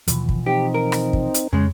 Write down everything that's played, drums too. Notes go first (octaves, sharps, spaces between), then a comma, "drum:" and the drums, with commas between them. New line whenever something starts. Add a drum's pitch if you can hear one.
D#2 B2 E3 F3, drum: hi-hat
drum: kick
C4 D#4 G4
A#4
drum: rim click
drum: kick
drum: hi-hat
F2 C#3 G#3